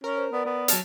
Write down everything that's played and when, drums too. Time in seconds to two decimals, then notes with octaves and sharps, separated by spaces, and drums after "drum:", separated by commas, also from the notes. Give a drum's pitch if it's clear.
0.04 C#4 A#4
0.17 C5
0.33 B3 D5
0.45 B3
0.68 F#3 A5 F6, drum: hi-hat